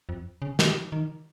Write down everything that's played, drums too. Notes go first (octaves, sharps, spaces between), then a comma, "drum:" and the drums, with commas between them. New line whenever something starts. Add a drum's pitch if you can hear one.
F2
C#3
D#3, drum: snare
D#3